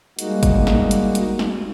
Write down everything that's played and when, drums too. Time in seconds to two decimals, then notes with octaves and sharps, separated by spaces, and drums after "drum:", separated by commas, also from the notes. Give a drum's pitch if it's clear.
0.19 G3 G#3 A#3 D#4 F#4, drum: hi-hat
0.43 drum: kick G1, hi-hat
0.67 drum: snare
0.91 drum: hi-hat
1.15 drum: hi-hat
1.39 drum: snare